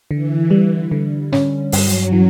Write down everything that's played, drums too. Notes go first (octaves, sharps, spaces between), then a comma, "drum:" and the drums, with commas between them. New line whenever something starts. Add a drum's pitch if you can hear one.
D3 E3
G3
D3
C#4, drum: snare
G2 F#3, drum: open hi-hat
drum: hi-hat
E3